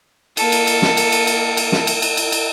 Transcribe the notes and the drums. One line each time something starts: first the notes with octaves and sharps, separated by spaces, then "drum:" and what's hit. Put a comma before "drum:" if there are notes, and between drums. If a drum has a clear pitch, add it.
A#3 A4, drum: cymbal
drum: cymbal
drum: cymbal
drum: snare
drum: cymbal
drum: cymbal
drum: cymbal
drum: cymbal
drum: snare
drum: cymbal
drum: cymbal
drum: cymbal
drum: cymbal